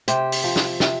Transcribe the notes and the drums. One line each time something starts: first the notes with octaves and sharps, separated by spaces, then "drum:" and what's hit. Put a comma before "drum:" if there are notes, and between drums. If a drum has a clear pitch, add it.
C3 G4 C5, drum: hi-hat
drum: open hi-hat
F3
drum: snare
C3, drum: snare